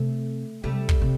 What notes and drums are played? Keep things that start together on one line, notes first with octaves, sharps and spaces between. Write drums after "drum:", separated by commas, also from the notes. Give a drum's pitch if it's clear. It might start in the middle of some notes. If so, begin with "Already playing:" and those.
Already playing: C3 A3
C3 G3 A3
drum: kick
C3